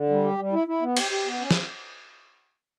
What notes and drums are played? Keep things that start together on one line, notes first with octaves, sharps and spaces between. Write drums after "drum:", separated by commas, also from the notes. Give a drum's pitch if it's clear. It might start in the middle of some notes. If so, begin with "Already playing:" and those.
Already playing: D3
G3
G4
G3
E4
E4
B3
G4, drum: cymbal
G4
B3
C#4
drum: snare